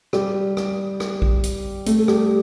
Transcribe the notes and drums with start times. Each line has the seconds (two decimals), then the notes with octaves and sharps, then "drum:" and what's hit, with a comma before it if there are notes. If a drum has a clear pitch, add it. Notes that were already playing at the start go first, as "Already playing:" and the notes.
0.13 G3 G4, drum: rim click
0.57 drum: rim click
1.00 drum: rim click
1.22 drum: kick A#1
1.44 drum: hi-hat
1.86 A3 A4, drum: hi-hat
1.99 A4
2.08 G3 G4, drum: rim click